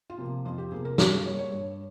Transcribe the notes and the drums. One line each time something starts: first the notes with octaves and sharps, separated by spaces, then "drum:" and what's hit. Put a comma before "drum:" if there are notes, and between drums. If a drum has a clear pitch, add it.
F4
C3 F3 A#3
F2 F4
G4
C3 F3 A#3 G#4
A#4
G2 G4, drum: snare
G#4
G3 A#3 C#5
C#5
G2 C#5